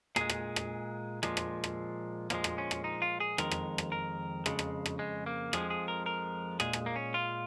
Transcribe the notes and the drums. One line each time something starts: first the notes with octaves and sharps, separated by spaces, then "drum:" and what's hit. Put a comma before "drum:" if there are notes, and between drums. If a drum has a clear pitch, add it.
A#2 G#3 G#4, drum: rim click
drum: rim click
drum: rim click
A#2 F3 G#3, drum: rim click
drum: rim click
drum: rim click
A#2 F3 G#3 A#3, drum: rim click
drum: rim click
C#4
drum: rim click
D#4
F4
G#4
F2 D#3 G#3 A#4, drum: rim click
drum: rim click
drum: rim click
A#4
F2 C#3 G#3, drum: rim click
drum: rim click
drum: rim click
G#3
A#3
F2 F3 G#3 G#4, drum: rim click
G#4
A#4
A#4
A#2 G#3 G#4, drum: rim click
drum: rim click
A#3
C#4
F4